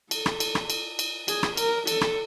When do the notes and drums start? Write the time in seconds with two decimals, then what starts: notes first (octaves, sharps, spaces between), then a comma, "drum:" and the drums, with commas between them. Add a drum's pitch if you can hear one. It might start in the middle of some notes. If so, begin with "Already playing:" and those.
0.11 A4, drum: cymbal
0.26 drum: rim click
0.40 drum: cymbal
0.55 drum: rim click
0.70 drum: cymbal
0.99 drum: cymbal
1.28 G#4, drum: cymbal
1.43 drum: rim click
1.57 A#4, drum: cymbal
1.87 A4, drum: cymbal
2.01 drum: rim click